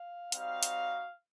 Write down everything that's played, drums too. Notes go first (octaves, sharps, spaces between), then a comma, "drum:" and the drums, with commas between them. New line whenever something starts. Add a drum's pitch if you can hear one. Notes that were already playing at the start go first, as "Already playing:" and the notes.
Already playing: F5
G3 C4 D#4 F#4 F5, drum: hi-hat
drum: hi-hat